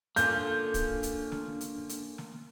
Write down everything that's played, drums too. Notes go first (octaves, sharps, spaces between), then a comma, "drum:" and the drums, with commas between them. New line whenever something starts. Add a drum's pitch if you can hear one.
D3 A#3 C#4 D4 F4 G6, drum: hi-hat
drum: kick, hi-hat
drum: hi-hat
drum: snare
drum: hi-hat
drum: hi-hat
drum: snare